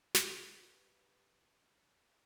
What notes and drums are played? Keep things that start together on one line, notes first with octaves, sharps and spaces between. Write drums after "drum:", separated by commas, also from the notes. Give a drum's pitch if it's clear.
G4 B4, drum: snare